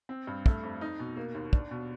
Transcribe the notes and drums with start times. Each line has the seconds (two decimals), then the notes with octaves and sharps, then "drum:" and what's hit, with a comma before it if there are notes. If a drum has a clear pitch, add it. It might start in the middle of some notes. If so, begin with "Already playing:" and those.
0.09 C4
0.27 G2
0.46 A3, drum: kick
0.63 F2
0.81 D#4
0.99 B2
1.17 A#3
1.35 D#2
1.53 D4, drum: kick
1.71 B2